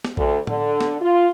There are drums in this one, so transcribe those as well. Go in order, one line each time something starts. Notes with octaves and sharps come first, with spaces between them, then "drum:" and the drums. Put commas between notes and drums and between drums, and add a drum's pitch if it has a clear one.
drum: snare
D2, drum: kick A#1
D3, drum: tom A2
drum: snare
F4